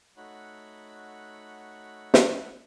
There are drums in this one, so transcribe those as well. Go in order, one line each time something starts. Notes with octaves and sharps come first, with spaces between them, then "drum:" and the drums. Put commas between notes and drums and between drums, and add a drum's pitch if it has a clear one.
A3 D#4 F#4 C#5 F#5 B5
drum: snare